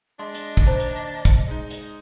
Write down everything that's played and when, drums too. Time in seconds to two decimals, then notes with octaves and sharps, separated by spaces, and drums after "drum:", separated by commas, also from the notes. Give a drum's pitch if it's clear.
0.19 G#3 D4 D#5 E5 C6
0.35 drum: hi-hat
0.57 drum: kick
0.67 D#2 C5 A5 A#5
0.80 drum: hi-hat
1.25 drum: kick, hi-hat
1.48 G#3 D#4
1.70 drum: hi-hat